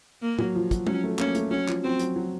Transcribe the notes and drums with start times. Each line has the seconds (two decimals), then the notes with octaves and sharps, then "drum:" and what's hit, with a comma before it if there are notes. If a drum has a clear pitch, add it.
0.22 A#3
0.39 F#3, drum: tom A2
0.55 F3
0.71 F#3, drum: kick, hi-hat
0.87 F#3 C#4, drum: tom G#3
1.04 A3
1.19 A#3 C#4, drum: clap
1.35 A3, drum: hi-hat
1.51 F#3 C#4
1.68 F3, drum: clap
1.84 F#3 C4
1.99 F#3, drum: hi-hat
2.16 F#3